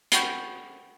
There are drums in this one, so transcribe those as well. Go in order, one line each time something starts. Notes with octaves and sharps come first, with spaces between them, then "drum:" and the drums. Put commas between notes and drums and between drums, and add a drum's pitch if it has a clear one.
F#5 G5 B5 C#6 G6, drum: hi-hat